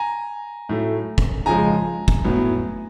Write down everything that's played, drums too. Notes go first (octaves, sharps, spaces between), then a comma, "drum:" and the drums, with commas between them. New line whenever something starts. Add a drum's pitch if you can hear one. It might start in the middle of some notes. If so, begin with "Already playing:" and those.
Already playing: G#5 A#5
A2 F#3 A3
drum: kick
C#3 F3 G#3 G#5 A#5
drum: kick
A2 F#3 B3